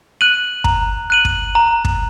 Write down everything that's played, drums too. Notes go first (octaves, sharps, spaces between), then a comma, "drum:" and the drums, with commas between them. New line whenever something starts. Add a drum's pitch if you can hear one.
F#6 D#7 F#7
A#5, drum: kick
F#6 D#7 F#7
drum: kick
A#5
drum: kick